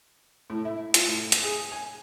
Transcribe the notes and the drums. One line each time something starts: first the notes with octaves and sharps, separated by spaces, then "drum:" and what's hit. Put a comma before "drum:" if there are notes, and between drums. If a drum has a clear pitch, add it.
A2
E4
F4, drum: hi-hat
A2
drum: hi-hat
G#4
G#5